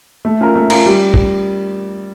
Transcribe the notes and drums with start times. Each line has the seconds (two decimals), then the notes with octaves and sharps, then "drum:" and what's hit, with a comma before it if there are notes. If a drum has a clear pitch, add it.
0.25 A3
0.41 C#4 F4 A#4
0.55 A3
0.70 C#4 F4 A#4, drum: cymbal
0.86 G3
1.14 drum: kick A1